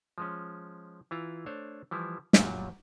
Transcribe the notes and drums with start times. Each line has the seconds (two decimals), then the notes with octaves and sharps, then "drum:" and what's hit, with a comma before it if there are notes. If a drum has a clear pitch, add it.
0.18 F3 G#3 C#4
1.11 E3 E4 F4 A#5
1.46 A3 D4 C5 C#5
1.91 E3 F3 G3 E4
2.33 F#2 A#2 F#3 G3, drum: snare